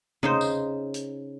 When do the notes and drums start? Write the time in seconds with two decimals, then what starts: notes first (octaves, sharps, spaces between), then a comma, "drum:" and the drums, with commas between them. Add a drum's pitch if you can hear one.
0.23 C#3 D#4 C5, drum: tom C3
0.41 drum: tambourine
0.94 drum: hi-hat